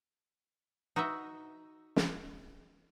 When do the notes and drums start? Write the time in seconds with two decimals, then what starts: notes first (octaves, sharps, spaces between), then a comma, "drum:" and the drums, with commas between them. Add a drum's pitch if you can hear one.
0.96 D#4 F#4 B4 D#5 E5
1.96 drum: snare